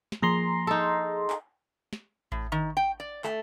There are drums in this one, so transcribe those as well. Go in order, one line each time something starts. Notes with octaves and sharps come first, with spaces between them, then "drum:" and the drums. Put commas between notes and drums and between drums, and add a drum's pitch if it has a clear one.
drum: snare
F3 A#3 G#4 A#5 C6
D#4 A4
drum: clap
drum: snare
A2, drum: kick A1
D#3
G5
D5
A3, drum: clap